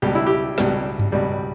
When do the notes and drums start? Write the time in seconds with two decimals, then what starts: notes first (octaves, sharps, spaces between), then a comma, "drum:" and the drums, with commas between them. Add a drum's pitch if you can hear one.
0.02 C#2 B2 G3 G4
0.15 E4
0.27 G4
0.58 C#2 B2 G3, drum: snare
0.99 drum: tom G2
1.12 C#2 B2 G3